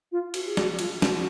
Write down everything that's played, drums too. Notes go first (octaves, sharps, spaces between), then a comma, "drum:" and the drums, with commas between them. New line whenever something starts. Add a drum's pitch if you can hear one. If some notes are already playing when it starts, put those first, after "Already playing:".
F4
F#4, drum: cymbal
G#4
F#4, drum: snare
F4, drum: cymbal
F#4, drum: snare